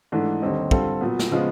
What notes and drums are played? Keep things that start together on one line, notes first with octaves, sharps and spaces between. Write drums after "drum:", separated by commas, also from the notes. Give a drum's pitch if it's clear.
G#2 E3 A3 D4
D#2 D3 G3 C4 D#4
D3 G3 C4 F4 A4, drum: kick
A#2 F#3 B3
drum: snare
C#3 F3 G#3 B3